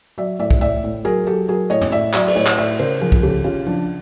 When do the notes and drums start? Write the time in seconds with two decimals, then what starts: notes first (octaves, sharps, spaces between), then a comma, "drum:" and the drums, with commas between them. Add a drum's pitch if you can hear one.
0.18 F#3 D5 E5
0.39 A2 D5 E5
0.51 drum: kick
0.61 A2 D5 E5
0.84 A2
1.05 F#3 G#4 A#4
1.27 F#3 G4 A4
1.49 F#3 G#4 A#4
1.70 A2 C#5 D#5
1.81 drum: tom
1.92 A2 D5 E5
2.14 F#3 D5 E5, drum: clap
2.27 D5, drum: cymbal
2.36 A2 C#5 D#5
2.47 drum: clap
2.58 A2 D5 E5
2.79 C#3 A#4 C5
3.01 F3 G#4 A#4
3.12 drum: kick
3.23 C#3 G4 A4
3.44 C#3 F4 G4
3.67 F3 D4